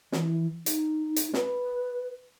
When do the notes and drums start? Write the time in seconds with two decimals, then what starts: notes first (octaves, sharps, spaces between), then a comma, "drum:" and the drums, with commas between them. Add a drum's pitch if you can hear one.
0.12 E3, drum: snare
0.66 D#4, drum: hi-hat
1.16 drum: hi-hat
1.34 B4, drum: snare